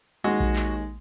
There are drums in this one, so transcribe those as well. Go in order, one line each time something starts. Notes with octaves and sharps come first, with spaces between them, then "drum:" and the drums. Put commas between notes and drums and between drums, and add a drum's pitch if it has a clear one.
D#2 G#3 F#4, drum: hi-hat
drum: kick A#1
drum: clap